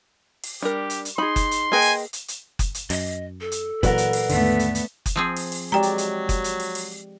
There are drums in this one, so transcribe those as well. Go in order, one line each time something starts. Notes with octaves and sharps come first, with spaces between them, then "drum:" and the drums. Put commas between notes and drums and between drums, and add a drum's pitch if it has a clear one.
drum: open hi-hat
G3 D4 G4 A#4
drum: hi-hat
drum: hi-hat
D#4 G#4 B5 C6
drum: kick F#1, hi-hat
drum: hi-hat
A#3 G#4 B4 D#5 G5 G#5
drum: open hi-hat
drum: hi-hat
drum: hi-hat
drum: kick F#1, hi-hat
drum: hi-hat
F#2 D#5, drum: open hi-hat
A4
drum: hi-hat
A#2 E3 F#3 A#4 B4 D5 F#5, drum: kick F#1, hi-hat
drum: hi-hat
drum: open hi-hat
D#2 G#2 D3 A3 B3, drum: open hi-hat
drum: hi-hat
drum: hi-hat
drum: kick F#1, hi-hat
F3 C4 G#4
drum: open hi-hat
drum: open hi-hat
F#3 G#3 G4 D5 G5 A#5
drum: hi-hat
drum: hi-hat
drum: kick F#1, hi-hat
drum: hi-hat
drum: open hi-hat
drum: open hi-hat